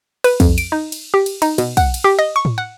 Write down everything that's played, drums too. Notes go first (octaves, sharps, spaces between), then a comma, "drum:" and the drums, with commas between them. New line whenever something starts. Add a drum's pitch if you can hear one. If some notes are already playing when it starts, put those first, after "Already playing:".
B4, drum: cymbal
F2, drum: kick, cymbal
D7, drum: cymbal
D#4
drum: cymbal
G4
drum: cymbal
D#4, drum: cymbal
B2, drum: cymbal
F#5, drum: kick, cymbal
drum: cymbal
G4
D#5
C#6
drum: tom A2
F#5